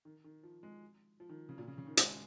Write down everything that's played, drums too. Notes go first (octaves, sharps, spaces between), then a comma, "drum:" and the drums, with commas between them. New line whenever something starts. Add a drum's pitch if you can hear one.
D#3
D#3
F3
G#3
F3
D#3
C#3
A#2
C#3
C#3
D#3
G#3, drum: hi-hat